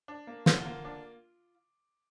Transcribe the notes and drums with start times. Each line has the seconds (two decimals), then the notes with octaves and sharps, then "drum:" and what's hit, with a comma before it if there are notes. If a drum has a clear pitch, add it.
0.08 D4
0.27 A#3
0.46 D3 F4, drum: snare
0.65 A#3
0.85 D4